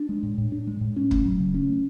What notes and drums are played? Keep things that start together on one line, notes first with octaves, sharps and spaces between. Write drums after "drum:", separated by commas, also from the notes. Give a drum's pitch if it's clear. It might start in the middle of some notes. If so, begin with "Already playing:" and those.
Already playing: D4
G#3
A2
A2
D4
G#3
A2
C#4
A3, drum: kick
F#3
C#3
C#4
A3